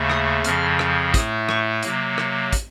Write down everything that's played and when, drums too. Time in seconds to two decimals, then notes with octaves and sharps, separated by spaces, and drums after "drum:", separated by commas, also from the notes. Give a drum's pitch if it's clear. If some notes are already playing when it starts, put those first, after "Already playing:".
Already playing: D#2 C#3 A3
0.10 D#6, drum: rim click
0.44 F2 C#3 F3 F6, drum: hi-hat
0.79 drum: rim click
1.14 A2 A3 D#6, drum: kick, hi-hat
1.49 C#6, drum: rim click
1.83 C3 F#3 A#3, drum: hi-hat
2.18 drum: rim click
2.53 drum: kick, hi-hat